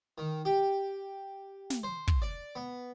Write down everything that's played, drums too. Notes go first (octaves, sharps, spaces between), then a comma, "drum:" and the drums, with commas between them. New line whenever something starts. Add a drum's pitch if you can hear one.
D#3
G4
drum: snare
C5
drum: kick
D5
B3